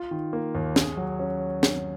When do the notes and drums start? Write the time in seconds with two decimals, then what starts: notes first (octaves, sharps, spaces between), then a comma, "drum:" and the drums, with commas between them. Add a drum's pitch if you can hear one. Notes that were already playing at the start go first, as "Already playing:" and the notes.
Already playing: F4
0.11 D#3
0.33 A#3
0.55 D#2
0.76 G#4, drum: snare
0.97 F#3
1.19 C#4
1.63 drum: snare